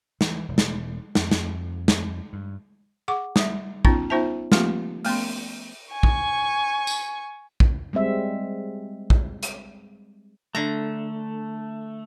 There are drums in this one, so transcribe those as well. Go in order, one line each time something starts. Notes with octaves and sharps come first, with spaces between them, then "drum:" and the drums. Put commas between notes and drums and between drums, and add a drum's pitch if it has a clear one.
E3, drum: snare
E1
drum: snare
F2, drum: snare
drum: snare
drum: snare
G2
G#4 F#5 C#6 D6
G3 E5, drum: snare
B3 C#4 D#4 F4, drum: kick A#1
B3 D#4 F4 C5 E5 A5
F3 A3 A#3 C4 F4 G4, drum: snare
A3 B3 C#4 C6, drum: open hi-hat
G#5 C#6
drum: kick A#1
drum: tambourine
drum: kick A#1
G3 G#3 C4 E5
drum: kick A#1
drum: hi-hat
D3 A3 A#5